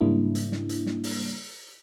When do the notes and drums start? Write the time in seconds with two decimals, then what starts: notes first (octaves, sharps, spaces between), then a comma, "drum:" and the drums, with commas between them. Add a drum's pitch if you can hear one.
0.01 G#2 C#3 G3 A#3 D4 E4
0.35 drum: hi-hat
0.52 drum: snare
0.69 drum: hi-hat
0.86 drum: snare
1.04 drum: open hi-hat